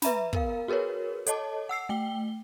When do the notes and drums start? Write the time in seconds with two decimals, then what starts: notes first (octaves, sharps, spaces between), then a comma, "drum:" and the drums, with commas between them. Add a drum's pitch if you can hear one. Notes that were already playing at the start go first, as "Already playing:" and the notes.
0.02 B4 E5 A#5 B5, drum: snare
0.33 B3 A#4 F5, drum: kick
0.68 F#4 G#4 A#4 B4 C#5
1.26 A4 C#5 D#5 A5 D6, drum: hi-hat
1.69 F#5 E6 C7
1.89 A3 G5 G7